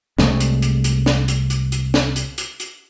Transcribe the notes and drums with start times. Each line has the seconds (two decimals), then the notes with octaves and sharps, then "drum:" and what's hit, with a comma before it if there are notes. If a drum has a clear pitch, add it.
0.18 C2 C3 G#3 A3, drum: snare
0.40 drum: hi-hat
0.62 drum: hi-hat
0.84 drum: hi-hat
1.06 drum: snare
1.28 drum: hi-hat
1.50 drum: hi-hat
1.72 drum: hi-hat
1.94 drum: snare
2.16 drum: hi-hat
2.38 drum: hi-hat
2.60 drum: hi-hat